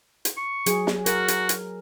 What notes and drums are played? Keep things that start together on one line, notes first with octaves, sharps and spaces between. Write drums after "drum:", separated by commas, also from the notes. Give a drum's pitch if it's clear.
drum: hi-hat
C#6
F#3 G#4, drum: hi-hat
drum: snare
F#4 A#4, drum: hi-hat
drum: hi-hat
drum: hi-hat